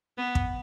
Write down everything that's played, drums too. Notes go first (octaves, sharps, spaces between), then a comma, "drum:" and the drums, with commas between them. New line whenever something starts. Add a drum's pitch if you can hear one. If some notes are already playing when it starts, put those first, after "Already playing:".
B3
drum: kick